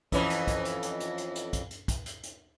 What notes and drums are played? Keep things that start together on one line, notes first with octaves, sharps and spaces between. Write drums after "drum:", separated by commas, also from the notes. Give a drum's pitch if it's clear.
F2 E3 C#4, drum: kick, hi-hat
drum: hi-hat
drum: kick, hi-hat
drum: hi-hat
drum: hi-hat
drum: hi-hat
drum: hi-hat
drum: hi-hat
drum: kick, hi-hat
drum: hi-hat
drum: kick, hi-hat
drum: hi-hat
drum: hi-hat